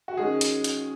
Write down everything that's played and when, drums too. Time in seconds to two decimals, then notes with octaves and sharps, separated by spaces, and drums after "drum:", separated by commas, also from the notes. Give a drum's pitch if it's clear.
0.08 F#4
0.17 D#3 G#3 C#4 G#4
0.41 drum: hi-hat
0.64 drum: hi-hat